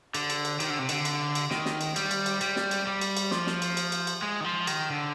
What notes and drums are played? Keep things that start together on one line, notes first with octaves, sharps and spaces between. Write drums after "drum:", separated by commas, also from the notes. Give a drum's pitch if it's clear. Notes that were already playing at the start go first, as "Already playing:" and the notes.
D3, drum: cymbal
drum: cymbal
drum: cymbal
D#3, drum: cymbal
D3
C3
D3, drum: cymbal
drum: cymbal
drum: cymbal
D#3, drum: snare
drum: snare
drum: cymbal
G3, drum: cymbal
drum: cymbal
drum: cymbal
G3, drum: cymbal
drum: snare
drum: cymbal
G3
drum: cymbal
drum: cymbal
F3, drum: snare
drum: snare
drum: cymbal
drum: cymbal
drum: cymbal
drum: cymbal
G#3
D#3
F3
D#3, drum: cymbal
D3